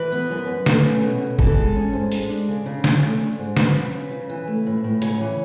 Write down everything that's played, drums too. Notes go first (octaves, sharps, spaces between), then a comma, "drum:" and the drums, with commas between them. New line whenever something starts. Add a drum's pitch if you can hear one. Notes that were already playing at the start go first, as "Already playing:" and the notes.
Already playing: E3 B4
B3
F#2
F#2
A3, drum: snare
C#4
B2
B2
E3 A4, drum: kick
G#3
C#4
G#2
G#3, drum: open hi-hat
D4
C#3
C#3
E3, drum: snare
A3
D4
G#2
F#3 B4, drum: snare
C#4
C#3
C#3
E3
A3
A2
A2
C#3 C#5, drum: hi-hat
E3